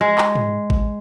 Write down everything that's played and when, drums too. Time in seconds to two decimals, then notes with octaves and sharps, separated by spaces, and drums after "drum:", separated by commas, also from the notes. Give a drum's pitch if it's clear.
0.01 G#3
0.18 drum: clap
0.35 drum: tom G#2
0.70 drum: kick A1